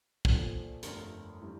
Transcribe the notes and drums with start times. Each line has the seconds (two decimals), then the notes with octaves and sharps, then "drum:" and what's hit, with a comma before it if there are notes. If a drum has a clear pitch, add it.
0.25 A#1 A#2 F3 A4, drum: kick
0.83 G1 F2 D3 A3 A#4, drum: hi-hat
1.41 E3 G3